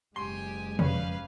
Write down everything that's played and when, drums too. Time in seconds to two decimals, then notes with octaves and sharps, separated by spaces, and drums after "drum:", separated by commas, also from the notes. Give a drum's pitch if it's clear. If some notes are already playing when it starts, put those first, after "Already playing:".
0.16 F#1 G#3 G4 G#5 C6
0.79 F2 G3 C#4 B4 F5, drum: tom